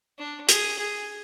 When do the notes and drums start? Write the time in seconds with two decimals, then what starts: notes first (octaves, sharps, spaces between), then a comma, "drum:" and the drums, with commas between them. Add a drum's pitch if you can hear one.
0.18 D4
0.49 G#4, drum: hi-hat
0.78 G#4